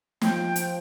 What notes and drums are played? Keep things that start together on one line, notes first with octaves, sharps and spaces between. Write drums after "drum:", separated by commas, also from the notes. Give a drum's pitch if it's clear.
F3 G5, drum: snare
drum: hi-hat